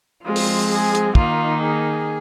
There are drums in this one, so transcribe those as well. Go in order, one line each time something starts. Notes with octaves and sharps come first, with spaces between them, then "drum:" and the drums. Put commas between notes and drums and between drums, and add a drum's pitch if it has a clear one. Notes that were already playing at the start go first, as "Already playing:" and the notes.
F3 G#3 C4 F4
drum: open hi-hat
G#4
drum: hi-hat
D#3 A#3 D#4 F4, drum: kick
G#4